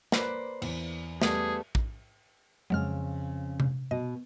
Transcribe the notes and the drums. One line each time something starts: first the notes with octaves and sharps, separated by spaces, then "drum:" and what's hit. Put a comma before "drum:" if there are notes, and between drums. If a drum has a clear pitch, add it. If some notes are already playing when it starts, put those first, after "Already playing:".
A#3 B4 C5 D5, drum: snare
E2, drum: cymbal
G3 A3 B3 G#4, drum: snare
drum: kick
F2 C#3 F#3 G#3 F6
drum: tom C3
B2 D#5